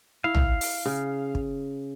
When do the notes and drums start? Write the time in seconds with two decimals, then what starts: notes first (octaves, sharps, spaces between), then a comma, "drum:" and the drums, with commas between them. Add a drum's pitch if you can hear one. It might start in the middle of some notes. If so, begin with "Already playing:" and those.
0.24 E4 F5
0.35 drum: tom A#1
0.61 drum: open hi-hat
0.86 C#3
1.35 drum: kick